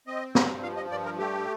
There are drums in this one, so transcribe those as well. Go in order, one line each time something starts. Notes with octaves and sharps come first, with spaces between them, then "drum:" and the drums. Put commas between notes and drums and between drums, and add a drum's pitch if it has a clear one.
C4 D#5
G2, drum: snare
F3 F5
D#5
G2 D5
A#4
A3 G4